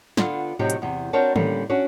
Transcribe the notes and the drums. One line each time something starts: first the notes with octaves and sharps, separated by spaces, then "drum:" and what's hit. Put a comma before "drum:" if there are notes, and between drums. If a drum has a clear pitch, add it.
D3 B3 D4 F4, drum: snare
A2 C3 F#3 C4 D#4 G4
drum: hi-hat
E2 C3
C4 D4 F#4 A#4 C#5 A5
A2 D3 G3 A#3 C#4, drum: tom D#3
C#4 D4 F#4